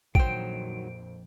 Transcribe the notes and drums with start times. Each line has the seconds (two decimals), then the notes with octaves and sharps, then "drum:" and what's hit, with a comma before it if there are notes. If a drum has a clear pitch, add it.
0.15 A#1 F2 D#3 F#3 C5 G5 D7, drum: kick A1